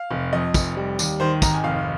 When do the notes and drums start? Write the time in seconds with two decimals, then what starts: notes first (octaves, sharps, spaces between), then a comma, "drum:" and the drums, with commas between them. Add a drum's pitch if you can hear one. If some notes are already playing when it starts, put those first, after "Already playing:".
Already playing: F5
0.11 F1
0.33 F2 D#5
0.54 F1, drum: kick, tambourine
0.77 G3
0.99 D#2, drum: tambourine
1.20 D#3 C5
1.42 G#1 A#5, drum: kick, tambourine
1.54 G#5
1.64 F1 F5